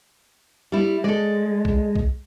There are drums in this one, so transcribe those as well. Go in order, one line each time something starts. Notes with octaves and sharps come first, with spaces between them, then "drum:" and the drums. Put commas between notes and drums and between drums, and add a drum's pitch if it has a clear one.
G3 E4
G#3 A4 D5
drum: kick B1
drum: kick B1